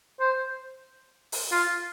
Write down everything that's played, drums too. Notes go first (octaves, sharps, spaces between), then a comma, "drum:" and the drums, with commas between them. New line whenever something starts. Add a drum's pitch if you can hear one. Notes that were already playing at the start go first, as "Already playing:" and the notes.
C5
drum: open hi-hat
F4